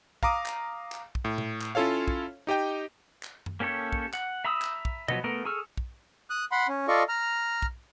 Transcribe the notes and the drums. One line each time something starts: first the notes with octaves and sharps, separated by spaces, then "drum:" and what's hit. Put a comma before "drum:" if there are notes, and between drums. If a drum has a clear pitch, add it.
F5 A#5 D6 D#6, drum: kick
drum: clap
drum: clap
drum: kick
A2
drum: tom A#2
drum: clap
C#4 E4 F4 A4 C#5 F5
drum: kick
D#4 G4 D#5 G5
drum: clap
drum: tom F#2
A#3 C#4 G4 A4 C#5
drum: kick
F#5, drum: clap
E5 A#5 B5 D#6 E6
drum: clap
drum: kick
F3 F#3 B3 D#5, drum: tom B2
A3 B3 A#4
G#4 A4 C#6 E6 F6
drum: kick
D#6 F#6
F#5 B5 C6
C#4
F4 A4 D5 D#5 C#6
A#5 F6
drum: kick